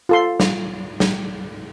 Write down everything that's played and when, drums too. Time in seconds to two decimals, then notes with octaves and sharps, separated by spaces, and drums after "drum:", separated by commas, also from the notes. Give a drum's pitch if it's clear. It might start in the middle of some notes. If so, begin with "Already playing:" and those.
0.09 F4 A4 C6
0.40 drum: snare
1.00 drum: snare